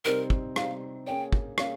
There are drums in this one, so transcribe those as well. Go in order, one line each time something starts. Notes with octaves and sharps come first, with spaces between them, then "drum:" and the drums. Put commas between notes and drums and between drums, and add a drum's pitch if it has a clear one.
C3 G3 C4 D#4 A#4
drum: kick
C3 G3 C4 D#4 F5, drum: rim click
A#3 C#4 G#4 C#5 G5
drum: kick
A#3 C#4 G#4 C#5 F5, drum: rim click